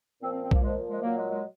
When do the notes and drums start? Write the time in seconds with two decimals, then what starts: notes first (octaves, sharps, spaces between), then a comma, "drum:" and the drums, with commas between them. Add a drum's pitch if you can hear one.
0.21 A#2 F3 C4
0.31 C4
0.42 C4
0.51 A#3, drum: kick B1
0.61 A#2 F3 G#3
0.89 G#3
1.02 A#2 F#3 A#3
1.16 G#3
1.30 G#3